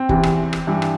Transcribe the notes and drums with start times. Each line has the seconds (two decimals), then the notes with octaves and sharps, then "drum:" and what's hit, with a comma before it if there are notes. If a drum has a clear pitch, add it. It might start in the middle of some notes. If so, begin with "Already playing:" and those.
Already playing: C4
0.09 E2 C3 E3, drum: kick F#1
0.23 drum: rim click
0.53 drum: rim click
0.67 G2 E3
0.82 drum: rim click